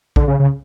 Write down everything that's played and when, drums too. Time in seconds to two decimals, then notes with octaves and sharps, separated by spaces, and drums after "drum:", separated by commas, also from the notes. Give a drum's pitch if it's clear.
0.16 D3, drum: kick A#1
0.28 C#3
0.40 C#3